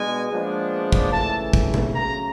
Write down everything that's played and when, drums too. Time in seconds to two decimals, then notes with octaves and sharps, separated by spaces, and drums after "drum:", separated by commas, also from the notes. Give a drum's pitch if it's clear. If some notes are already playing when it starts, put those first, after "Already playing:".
Already playing: B2 G#3 B3 D4 G#5
0.31 A#2 F3 G#3 B3 D4
0.92 drum: kick
1.13 C#3 E3 A3 A5
1.53 drum: kick
1.74 drum: tom B2
1.94 C#3 F#3 A3 C#4 A#5